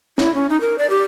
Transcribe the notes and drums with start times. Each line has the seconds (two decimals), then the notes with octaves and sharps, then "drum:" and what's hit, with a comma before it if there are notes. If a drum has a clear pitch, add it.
0.18 E4, drum: snare
0.35 C#4
0.49 D#4
0.61 A#4
0.78 D5
0.90 G4